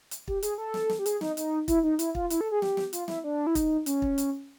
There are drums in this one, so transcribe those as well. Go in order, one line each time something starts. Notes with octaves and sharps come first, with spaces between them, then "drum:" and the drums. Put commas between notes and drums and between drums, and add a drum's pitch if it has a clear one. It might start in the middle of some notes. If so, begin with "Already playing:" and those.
drum: hi-hat
G4, drum: kick
G#4, drum: hi-hat
A4
drum: snare
drum: snare
G4
G#4, drum: hi-hat
D#4, drum: snare
D#4, drum: hi-hat
E4, drum: kick, hi-hat
D#4
E4, drum: hi-hat
F4, drum: kick
E4, drum: hi-hat
A4
G#4
G4, drum: snare
drum: snare
F4, drum: hi-hat
E4, drum: snare
D4
E4
D#4, drum: kick, hi-hat
C#4, drum: hi-hat
drum: kick
drum: hi-hat